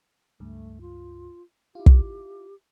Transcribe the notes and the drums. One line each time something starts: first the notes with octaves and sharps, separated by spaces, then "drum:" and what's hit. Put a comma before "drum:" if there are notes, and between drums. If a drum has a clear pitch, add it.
C#2 G2 A3
F4
E4 F4 G4
drum: kick